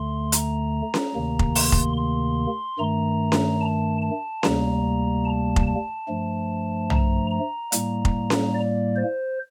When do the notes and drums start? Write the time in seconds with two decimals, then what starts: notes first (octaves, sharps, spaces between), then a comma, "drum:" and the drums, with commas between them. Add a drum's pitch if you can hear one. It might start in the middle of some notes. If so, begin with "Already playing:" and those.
Already playing: D2 D3 A3 C6
0.32 A#5, drum: hi-hat
0.94 drum: snare C#4
1.15 D2 C3 D#3 A#3
1.39 drum: kick F1
1.55 C6, drum: open hi-hat
1.72 drum: kick F1
1.97 C6
2.79 G2 D#3 A3 A#5
3.32 drum: snare C#4
3.61 A5
4.02 A5
4.43 D2 C3 G3 A#3 A#5, drum: snare C#4
5.25 A5
5.56 drum: kick F1
5.67 A5
6.08 G2 F3 A3
6.90 A#5, drum: tom
7.31 A#5
7.72 A2 G3 A#3, drum: hi-hat
8.05 drum: kick F1
8.30 drum: snare C#4
8.55 D5
8.96 C5